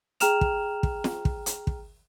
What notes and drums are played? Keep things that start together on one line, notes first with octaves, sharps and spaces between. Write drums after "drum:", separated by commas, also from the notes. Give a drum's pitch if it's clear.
G#4 G5 A#5 F6 E7 F7, drum: hi-hat
drum: kick
drum: kick
drum: snare
drum: kick
drum: hi-hat
drum: kick